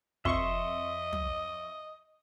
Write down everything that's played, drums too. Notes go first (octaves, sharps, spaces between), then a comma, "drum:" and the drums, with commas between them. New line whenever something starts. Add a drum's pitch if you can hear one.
F2 D#5 E5 C6 C#6, drum: kick
drum: tom